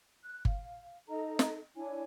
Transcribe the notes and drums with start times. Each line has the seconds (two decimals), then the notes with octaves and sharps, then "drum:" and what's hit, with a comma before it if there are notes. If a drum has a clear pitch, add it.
0.23 F#6
0.45 F5, drum: kick G1
1.09 D#4 A4 D#5 A#5
1.39 drum: snare
1.76 D4 E4 C#5 G#5